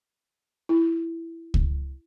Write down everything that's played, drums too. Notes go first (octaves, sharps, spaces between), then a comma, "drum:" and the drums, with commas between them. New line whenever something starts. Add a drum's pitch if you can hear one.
E4
drum: kick C#2